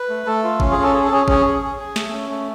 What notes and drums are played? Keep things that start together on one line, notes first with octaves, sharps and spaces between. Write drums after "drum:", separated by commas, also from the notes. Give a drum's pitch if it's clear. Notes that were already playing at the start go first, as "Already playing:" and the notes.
Already playing: B4
A3
A3 A4
F4
C#4, drum: kick G#1
G#4
C#4 A4
G#4
A4
C#4 G#4
C#4 G#4, drum: kick G#1
G#4
G#4
G#4
A3, drum: snare
C#4
A3